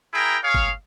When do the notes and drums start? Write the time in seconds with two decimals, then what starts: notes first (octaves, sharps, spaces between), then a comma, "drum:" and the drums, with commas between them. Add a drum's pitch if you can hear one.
0.14 E4 G#4 A#4 G5 A#5
0.44 G#4 C#5 F5
0.54 drum: kick G1